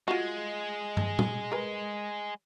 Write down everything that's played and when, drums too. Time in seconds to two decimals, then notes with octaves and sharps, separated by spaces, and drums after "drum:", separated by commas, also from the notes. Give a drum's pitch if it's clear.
0.08 G#3 F4 F#4
0.97 drum: tom
1.19 drum: tom
1.52 A#4 B4